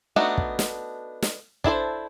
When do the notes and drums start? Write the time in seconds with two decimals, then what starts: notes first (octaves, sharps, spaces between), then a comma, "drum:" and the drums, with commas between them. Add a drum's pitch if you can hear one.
0.16 A3 B3 D4 D#4 F#4
0.38 drum: kick
0.59 drum: snare
1.22 drum: snare
1.64 D4 E4 A4 C5, drum: kick